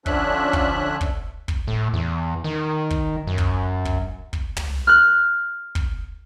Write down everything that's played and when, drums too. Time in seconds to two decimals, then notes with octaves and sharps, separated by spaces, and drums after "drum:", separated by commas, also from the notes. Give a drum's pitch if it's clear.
0.06 D3 F3 C#4 D4 E5 F#6, drum: kick
0.53 drum: kick
1.01 drum: kick
1.48 drum: kick
1.67 A2
1.93 E2
2.44 D#3
2.90 drum: kick
3.27 F#2
3.38 drum: kick
3.85 drum: kick
4.33 drum: kick
4.57 drum: tom
4.87 F6 F#6
5.75 drum: kick